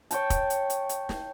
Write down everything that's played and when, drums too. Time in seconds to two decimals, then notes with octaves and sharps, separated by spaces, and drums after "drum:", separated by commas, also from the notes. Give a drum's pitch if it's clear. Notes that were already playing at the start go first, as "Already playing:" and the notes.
0.11 C#5 G5 A5, drum: hi-hat
0.30 drum: kick, hi-hat
0.50 drum: hi-hat
0.70 drum: hi-hat
0.89 drum: hi-hat
1.09 drum: snare